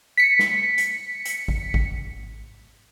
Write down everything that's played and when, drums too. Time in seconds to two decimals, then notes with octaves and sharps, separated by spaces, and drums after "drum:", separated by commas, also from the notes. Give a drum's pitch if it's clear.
0.17 B6 C#7
0.39 drum: snare
0.78 drum: hi-hat
1.25 drum: hi-hat
1.48 drum: kick G#1
1.74 drum: kick G#1